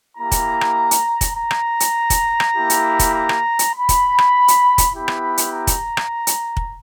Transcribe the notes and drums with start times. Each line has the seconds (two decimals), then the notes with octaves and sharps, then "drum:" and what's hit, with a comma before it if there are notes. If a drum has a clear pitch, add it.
0.17 A#3 E4 G4 A#5
0.32 drum: kick, hi-hat
0.61 drum: rim click
0.91 drum: hi-hat
1.21 drum: kick, hi-hat
1.36 A#5
1.51 drum: rim click
1.80 drum: hi-hat
2.10 drum: kick, hi-hat
2.40 drum: rim click
2.55 A#3 E4 G4
2.70 drum: hi-hat
2.99 drum: kick, hi-hat
3.14 A#5
3.29 drum: rim click
3.59 drum: hi-hat
3.74 B5
3.89 drum: kick, hi-hat
4.18 drum: rim click
4.48 drum: hi-hat
4.78 drum: kick, hi-hat
4.92 B3 E4 G4 B5
5.08 drum: rim click
5.38 drum: hi-hat
5.52 A#5
5.67 drum: kick, hi-hat
5.97 drum: rim click
6.27 drum: hi-hat
6.57 drum: kick